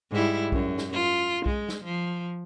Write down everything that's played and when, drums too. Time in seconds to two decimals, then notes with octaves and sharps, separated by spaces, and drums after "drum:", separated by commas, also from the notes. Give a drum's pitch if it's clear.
0.11 G#2 G3 E4
0.52 F#2, drum: kick B1
0.78 drum: snare
0.93 F4
1.46 G#3, drum: kick B1
1.69 drum: snare
1.85 F3